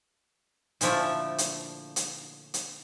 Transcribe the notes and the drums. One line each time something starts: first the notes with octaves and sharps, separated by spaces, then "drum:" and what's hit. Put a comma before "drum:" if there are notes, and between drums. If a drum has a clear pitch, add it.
A#2 D3 F3 A3 E4, drum: hi-hat
drum: hi-hat
drum: hi-hat
drum: hi-hat